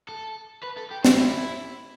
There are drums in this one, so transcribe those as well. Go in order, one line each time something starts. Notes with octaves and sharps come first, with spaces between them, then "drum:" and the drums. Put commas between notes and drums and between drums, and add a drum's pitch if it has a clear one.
A4
B4
A4
G4
F4, drum: snare
E4